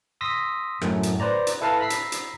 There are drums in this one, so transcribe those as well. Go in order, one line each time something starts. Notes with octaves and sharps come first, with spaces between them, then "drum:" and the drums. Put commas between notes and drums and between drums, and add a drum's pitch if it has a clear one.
C6 D#6 E6 A#6 B6
F#2 A2, drum: rim click
drum: hi-hat
B4 C5 D5 A#5
drum: hi-hat
E4 A4 B4 F5 A5 A#5
A#5 B5 E6 B6 C7
drum: hi-hat
drum: hi-hat